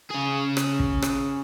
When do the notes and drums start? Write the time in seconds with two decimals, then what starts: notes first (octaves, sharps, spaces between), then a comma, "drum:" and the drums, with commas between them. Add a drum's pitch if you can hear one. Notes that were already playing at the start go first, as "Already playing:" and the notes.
0.11 C#4 G#4
0.57 drum: rim click
0.80 drum: kick
1.02 drum: rim click